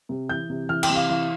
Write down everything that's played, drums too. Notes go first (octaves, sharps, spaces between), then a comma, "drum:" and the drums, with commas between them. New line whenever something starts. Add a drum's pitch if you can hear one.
C3
E3 G6
C3
E3 F6
G5, drum: cymbal
C3
F5
E3 F5